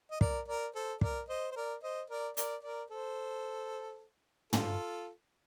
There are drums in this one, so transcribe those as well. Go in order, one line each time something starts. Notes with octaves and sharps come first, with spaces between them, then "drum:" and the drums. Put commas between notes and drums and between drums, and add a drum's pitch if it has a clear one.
D#5
A#4 D5, drum: kick
A#4 D5
A4 C5
A#4 D5, drum: kick
C5 D#5
C5
A#4 D5
C5 D#5
A#4 D5
A#4 D5, drum: hi-hat
A#4 D5
A4 C5
F4 A4, drum: tom